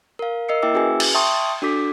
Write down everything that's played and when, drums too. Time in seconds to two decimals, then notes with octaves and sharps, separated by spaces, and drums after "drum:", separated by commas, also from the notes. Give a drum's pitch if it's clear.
0.19 A#4 F5
0.48 A#4 D#5 E6 C7 C#7
0.62 A#3 E4 E5 G5 D6 E6
0.74 C#4 F#4 G#4 B4 G#5
1.00 drum: cymbal
1.15 E5 G5 A5 C6 C#6 D#6
1.62 D4 F#4 A4 D6 B6